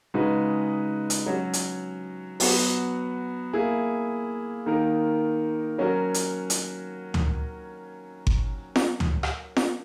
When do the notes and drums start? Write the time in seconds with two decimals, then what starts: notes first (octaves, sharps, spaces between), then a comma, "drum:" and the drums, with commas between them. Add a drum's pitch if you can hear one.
0.14 C#3 G#3 D#4 F#4 B4
1.10 drum: hi-hat
1.26 F#3 C#4 F#4
1.53 drum: hi-hat
2.40 F#3 B3 F#4, drum: open hi-hat
3.53 A#3 E4 G#4
4.66 D#3 A#3 D#4 A#4
5.78 F#3 C#4 F#4 A#4
6.14 drum: hi-hat
6.50 drum: hi-hat
7.14 drum: tom D2
8.27 drum: kick G1
8.76 drum: snare
9.00 drum: tom D2
9.23 drum: rim click
9.56 drum: snare